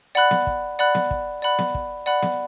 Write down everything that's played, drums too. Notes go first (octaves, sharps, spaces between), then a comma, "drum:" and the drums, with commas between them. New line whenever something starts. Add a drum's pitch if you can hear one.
D5 F#5 B5 F#6
drum: snare B3
drum: kick
D5 F#5 B5 F#6
drum: snare B3
drum: kick
D5 F#5 B5 F#6
drum: snare B3
drum: kick
D5 F#5 B5 F#6
drum: snare B3